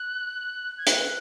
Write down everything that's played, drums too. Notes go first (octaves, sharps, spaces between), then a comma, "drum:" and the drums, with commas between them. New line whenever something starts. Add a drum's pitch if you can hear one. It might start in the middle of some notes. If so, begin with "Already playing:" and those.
Already playing: F#6
G#6
F#6, drum: hi-hat